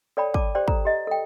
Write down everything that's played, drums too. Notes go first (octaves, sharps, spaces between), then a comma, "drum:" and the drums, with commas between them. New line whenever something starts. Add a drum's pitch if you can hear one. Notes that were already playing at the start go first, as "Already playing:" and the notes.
A4 C#5 D5 G5 A5 B5
D5 A5 D6, drum: kick
G4 C5 D5 G5
A4 A#5, drum: kick
G4 D#5
A4 G5